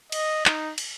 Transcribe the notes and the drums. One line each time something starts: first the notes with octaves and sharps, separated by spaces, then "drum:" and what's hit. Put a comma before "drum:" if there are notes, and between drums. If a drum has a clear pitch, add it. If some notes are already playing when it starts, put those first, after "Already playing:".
D#5, drum: cymbal
D#4, drum: clap
drum: cymbal